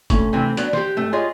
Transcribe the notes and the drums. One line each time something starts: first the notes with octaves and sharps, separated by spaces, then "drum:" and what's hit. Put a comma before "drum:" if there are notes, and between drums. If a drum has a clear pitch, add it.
D2 A3 C#4 C#6, drum: kick, hi-hat
C3 E3 C4
F#3 B3 D4 F#6, drum: hi-hat
G4 C5, drum: snare
G#1 A3
F4 G#4 C#5 D#5